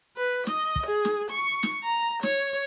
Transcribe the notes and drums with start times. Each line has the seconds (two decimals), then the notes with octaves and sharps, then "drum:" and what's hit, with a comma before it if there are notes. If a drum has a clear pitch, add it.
0.16 B4
0.47 D#5, drum: snare
0.76 drum: kick
0.86 G#4
1.05 drum: snare
1.31 C#6
1.63 drum: snare
1.83 A#5
2.23 C#5, drum: snare